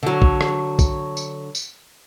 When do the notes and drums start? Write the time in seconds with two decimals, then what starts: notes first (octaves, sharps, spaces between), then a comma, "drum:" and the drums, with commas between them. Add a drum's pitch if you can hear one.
0.03 D3 F#3
0.22 drum: kick
0.41 drum: rim click
0.79 drum: kick, tambourine
1.17 drum: tambourine
1.55 drum: tambourine